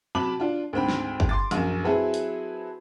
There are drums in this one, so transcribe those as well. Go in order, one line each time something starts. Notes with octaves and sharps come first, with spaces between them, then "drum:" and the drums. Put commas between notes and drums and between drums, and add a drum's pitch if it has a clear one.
C3 F#3 A5 B5 D6 F#7
D4 F4
D2 G#2 C4 G5 B5
drum: snare
drum: kick
C6 D6 A6
A#1 F#2, drum: hi-hat
F#3 C4 E4 G#4 A4 B4
drum: hi-hat